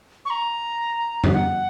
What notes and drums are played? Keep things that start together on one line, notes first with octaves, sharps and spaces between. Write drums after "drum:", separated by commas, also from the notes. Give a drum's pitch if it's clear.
C#6
A#5
drum: tom
F#5